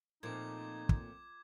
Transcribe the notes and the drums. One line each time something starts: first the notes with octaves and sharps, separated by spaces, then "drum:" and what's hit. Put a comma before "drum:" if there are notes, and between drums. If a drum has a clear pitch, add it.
A#2 F3 A3 C4 D#4 D6 G#6
drum: kick